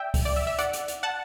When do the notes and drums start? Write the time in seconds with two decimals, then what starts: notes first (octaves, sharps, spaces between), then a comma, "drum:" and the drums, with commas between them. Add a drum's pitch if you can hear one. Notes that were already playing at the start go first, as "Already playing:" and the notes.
Already playing: D5 E5 G5
0.14 drum: kick C#2, open hi-hat
0.25 D5
0.36 E5
0.47 E5
0.59 D5 F#5, drum: hi-hat
0.73 drum: hi-hat
0.88 drum: hi-hat
1.03 F#5 A5